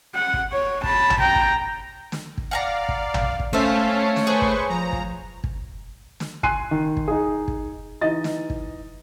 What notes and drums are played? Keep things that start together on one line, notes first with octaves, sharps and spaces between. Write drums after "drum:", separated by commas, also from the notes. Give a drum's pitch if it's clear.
F#5
drum: kick
C#5
A5 B5, drum: kick
drum: tom A#1
G5 A#5
drum: kick
drum: snare
drum: kick
D5 F5 F#5 G#5 A#5
drum: kick
drum: tom A#1
drum: kick
A3 C#4 C5 E5 F5 A5
C#5
drum: snare
G#4 B4 C5 C#6
drum: kick
F3 A#5
drum: kick
drum: kick
drum: snare
G#5 C6 F#6 C7 D#7, drum: kick
D#3
drum: kick
D#4 G#4
drum: kick
E3 D#4 D#5 A6
drum: snare
drum: kick